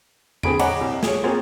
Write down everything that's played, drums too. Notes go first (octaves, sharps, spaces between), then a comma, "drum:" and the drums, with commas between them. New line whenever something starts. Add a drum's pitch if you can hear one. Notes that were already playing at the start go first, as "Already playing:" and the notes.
D3 C4 G#4 B5 D7, drum: tom E2
C#5 D#5 F#5 G#5 A#5 D6, drum: cymbal
C2
G#4 C#5, drum: snare
A#3 C4 F4 G#4 C5 C#5